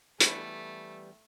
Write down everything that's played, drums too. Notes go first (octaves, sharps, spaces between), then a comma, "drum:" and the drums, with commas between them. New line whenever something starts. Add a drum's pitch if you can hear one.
E3 G3 A3 B3, drum: hi-hat